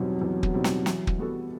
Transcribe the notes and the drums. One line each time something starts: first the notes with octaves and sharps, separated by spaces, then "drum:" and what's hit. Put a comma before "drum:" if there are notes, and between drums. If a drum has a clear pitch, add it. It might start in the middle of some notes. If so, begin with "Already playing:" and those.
Already playing: E2 B2 F#3 G3 C4 D#4
E2
drum: kick
B2 G3 C4 D#4
drum: snare
E3, drum: snare
drum: kick
G3 B3 F#4 A4